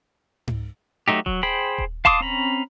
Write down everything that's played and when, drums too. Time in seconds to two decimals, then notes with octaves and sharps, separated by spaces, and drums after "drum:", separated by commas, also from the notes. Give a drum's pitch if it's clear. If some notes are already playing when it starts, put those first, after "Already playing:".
0.48 drum: tom G#2
1.08 F#3 A3 D#4 G4
1.26 F#3, drum: kick D#1
1.43 G#4 C5 G5 B5
1.78 drum: kick D#1
2.05 F5 A5 C6 D6 D#6, drum: kick D#1
2.21 C4 C#4 A#5 B5